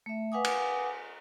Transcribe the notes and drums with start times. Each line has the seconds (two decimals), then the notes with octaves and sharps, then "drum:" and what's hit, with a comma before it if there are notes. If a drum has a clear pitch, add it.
0.06 A3 E5
0.32 B4 F5 F#5 G#5 D6 D#6
0.44 drum: cymbal